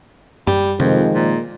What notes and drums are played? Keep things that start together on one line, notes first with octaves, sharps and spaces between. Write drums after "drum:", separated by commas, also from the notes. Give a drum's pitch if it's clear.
G3, drum: tom F#2
F2 D#3 F3 G#3, drum: tom C3
A#2